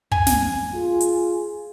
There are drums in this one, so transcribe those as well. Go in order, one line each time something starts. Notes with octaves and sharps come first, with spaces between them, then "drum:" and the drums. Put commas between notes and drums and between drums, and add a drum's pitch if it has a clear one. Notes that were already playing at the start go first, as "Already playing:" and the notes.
G#5, drum: kick
drum: snare
F4 G#4
drum: hi-hat